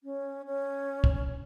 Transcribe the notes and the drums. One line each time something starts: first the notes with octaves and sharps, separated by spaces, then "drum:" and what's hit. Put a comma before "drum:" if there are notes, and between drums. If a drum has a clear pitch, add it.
C#4
C#4
drum: kick